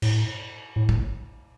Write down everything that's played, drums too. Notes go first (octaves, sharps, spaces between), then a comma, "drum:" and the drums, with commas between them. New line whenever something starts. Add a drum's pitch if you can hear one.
A2, drum: cymbal
A2
drum: kick